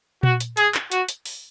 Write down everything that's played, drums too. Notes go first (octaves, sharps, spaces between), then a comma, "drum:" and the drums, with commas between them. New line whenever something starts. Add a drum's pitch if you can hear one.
F#4, drum: tom A#2
drum: hi-hat
G#4, drum: hi-hat
drum: clap
F#4, drum: hi-hat
drum: hi-hat
drum: open hi-hat